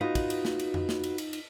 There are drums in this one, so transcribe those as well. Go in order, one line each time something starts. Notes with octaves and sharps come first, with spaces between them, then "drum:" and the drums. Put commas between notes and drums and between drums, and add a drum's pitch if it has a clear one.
D#4 F4 F#4 B4 D#5
drum: kick, cymbal
drum: cymbal
drum: snare
drum: cymbal
drum: tom F2
drum: snare
drum: cymbal
drum: cymbal
drum: cymbal